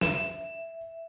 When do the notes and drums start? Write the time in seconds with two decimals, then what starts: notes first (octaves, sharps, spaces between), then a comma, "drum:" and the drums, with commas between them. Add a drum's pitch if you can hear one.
0.01 E5 E7, drum: snare